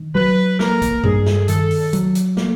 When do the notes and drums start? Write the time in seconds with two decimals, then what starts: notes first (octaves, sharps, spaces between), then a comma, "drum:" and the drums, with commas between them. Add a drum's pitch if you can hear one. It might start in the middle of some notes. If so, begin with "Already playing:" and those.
Already playing: D#3
0.15 F#3 B4
0.59 A#3 A#4, drum: snare
0.82 drum: kick, hi-hat
1.04 G2 G#4, drum: kick
1.26 drum: snare
1.48 D#3 A4, drum: hi-hat
1.71 drum: open hi-hat
1.93 F#3, drum: hi-hat
2.15 drum: hi-hat
2.37 A#3, drum: snare